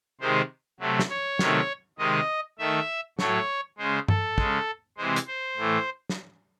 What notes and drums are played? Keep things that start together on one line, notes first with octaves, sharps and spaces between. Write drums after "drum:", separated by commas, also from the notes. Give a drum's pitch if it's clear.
C3 D#3 G#3 C5
C3 F#3 A3
drum: snare
C#5
C3 D#3 F#3 A3, drum: snare
C3 D#3 G#3 D#5
D#3 A3 E5
A2 F#3 A3 C#5, drum: snare
C#3 G#3 C5
A4, drum: tom G2
C#3 G#3, drum: kick
C3 E3 G#3 C5
drum: hi-hat
C5
A2 E3 A3
drum: snare